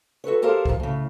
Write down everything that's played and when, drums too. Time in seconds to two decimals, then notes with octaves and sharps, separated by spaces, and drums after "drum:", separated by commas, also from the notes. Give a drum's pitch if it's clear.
0.24 F#4 A4 B4 C#5
0.42 G4 A4 A#4 C5 F5
0.65 D#3 F3, drum: kick C2
0.80 A2 C#3